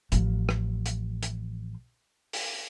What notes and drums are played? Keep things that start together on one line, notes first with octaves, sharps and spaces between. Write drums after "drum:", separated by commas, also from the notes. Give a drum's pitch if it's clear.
A1 F3, drum: hi-hat
drum: rim click
drum: hi-hat
drum: hi-hat
drum: open hi-hat